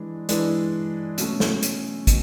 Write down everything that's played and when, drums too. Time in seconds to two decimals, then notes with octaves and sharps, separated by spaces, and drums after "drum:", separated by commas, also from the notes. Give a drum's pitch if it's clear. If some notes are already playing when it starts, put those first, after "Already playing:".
Already playing: E3 G#3 D4
0.29 E3 G#3 D4, drum: hi-hat
1.18 B2 F#3 A3 C#4, drum: hi-hat
1.40 drum: snare
1.63 drum: hi-hat
2.07 B2, drum: kick, hi-hat